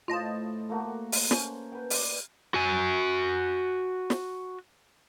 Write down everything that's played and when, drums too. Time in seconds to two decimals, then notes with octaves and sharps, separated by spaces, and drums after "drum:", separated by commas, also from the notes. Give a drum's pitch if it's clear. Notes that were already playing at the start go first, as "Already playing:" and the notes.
0.08 A2 F4 C5 D#5 A5
0.69 A3 A#3 F#4
1.12 drum: open hi-hat
1.31 C#4 C5, drum: snare
1.72 B4 G5
1.90 B4 D5, drum: open hi-hat
2.54 F#4 G#5
4.10 drum: snare